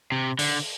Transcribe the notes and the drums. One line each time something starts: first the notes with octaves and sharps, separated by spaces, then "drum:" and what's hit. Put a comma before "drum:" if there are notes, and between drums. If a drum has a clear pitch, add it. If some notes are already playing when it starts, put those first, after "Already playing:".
C3
D3, drum: open hi-hat